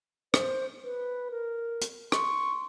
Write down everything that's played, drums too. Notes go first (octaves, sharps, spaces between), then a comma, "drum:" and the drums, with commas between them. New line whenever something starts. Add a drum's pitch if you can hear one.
C5, drum: rim click
B4
A#4
drum: hi-hat
C6 C#6, drum: rim click